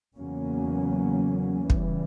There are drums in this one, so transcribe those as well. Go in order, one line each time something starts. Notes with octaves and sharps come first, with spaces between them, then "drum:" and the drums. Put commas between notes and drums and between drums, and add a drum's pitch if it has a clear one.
E2 C#3 F#3 A#3 C#4
C#3 E3 G3, drum: kick